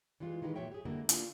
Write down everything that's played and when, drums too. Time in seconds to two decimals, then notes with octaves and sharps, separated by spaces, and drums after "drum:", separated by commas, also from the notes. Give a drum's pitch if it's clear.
0.20 E3 G3 G#3 F4
0.42 D#3 G#3 D#4 G4 B4
0.56 A#2 F3 F#4 C#5 E5 G5
0.71 G4 G#4
0.85 D3 G3 G#3 A#3 E4
1.09 A#3 D4 F4, drum: hi-hat